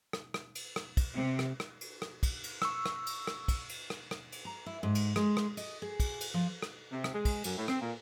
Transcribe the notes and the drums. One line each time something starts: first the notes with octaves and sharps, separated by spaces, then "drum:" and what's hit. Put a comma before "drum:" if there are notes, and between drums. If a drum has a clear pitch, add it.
drum: rim click
drum: rim click
drum: cymbal
drum: rim click
drum: kick, cymbal
C3
drum: rim click
drum: rim click
drum: cymbal
drum: rim click
drum: kick, cymbal
drum: cymbal
C#6 E6, drum: rim click
drum: rim click
drum: cymbal
drum: rim click
drum: kick, cymbal
drum: cymbal
drum: rim click
drum: rim click
drum: cymbal
A#5
E4
G#2
drum: cymbal
G#3, drum: rim click
drum: rim click
D#5, drum: cymbal
G#4
drum: kick, cymbal
drum: cymbal
F3
drum: rim click
C3
drum: rim click
G#3
drum: kick, cymbal
F#2, drum: cymbal
A2
C4, drum: rim click
A#2